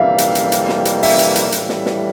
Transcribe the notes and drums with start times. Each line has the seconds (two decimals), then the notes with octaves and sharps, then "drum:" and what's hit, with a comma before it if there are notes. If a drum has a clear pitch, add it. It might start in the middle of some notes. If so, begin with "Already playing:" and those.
Already playing: F2 C3 E3 G3 A#3 E5 F5
0.18 drum: hi-hat
0.35 drum: hi-hat
0.52 drum: hi-hat
0.69 drum: snare
0.85 drum: hi-hat
1.03 E5, drum: open hi-hat
1.19 drum: hi-hat
1.36 drum: hi-hat
1.52 A2 E3 G3, drum: hi-hat
1.69 drum: snare
1.86 drum: snare